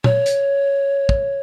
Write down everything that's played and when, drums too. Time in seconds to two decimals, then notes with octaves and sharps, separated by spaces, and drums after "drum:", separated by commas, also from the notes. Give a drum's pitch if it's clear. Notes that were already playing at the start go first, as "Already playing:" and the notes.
0.04 C#5, drum: tom A#2
0.26 drum: hi-hat
1.09 drum: kick